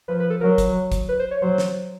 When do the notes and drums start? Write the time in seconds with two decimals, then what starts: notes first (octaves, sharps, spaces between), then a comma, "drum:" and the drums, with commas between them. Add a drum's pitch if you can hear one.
0.08 F3 B4
0.20 B4
0.30 A4
0.41 F#3 A#4
0.58 drum: kick, hi-hat
0.92 drum: kick, hi-hat
1.09 B4
1.19 C5
1.31 C#5
1.42 F#3 C5
1.58 drum: snare